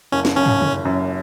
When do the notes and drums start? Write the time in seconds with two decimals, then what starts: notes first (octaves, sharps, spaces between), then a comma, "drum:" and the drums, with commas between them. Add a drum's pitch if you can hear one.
0.12 F#1 C#4
0.25 drum: snare
0.36 F#1 C#4
0.46 drum: tom
0.61 F#1, drum: tom C3
0.85 F#2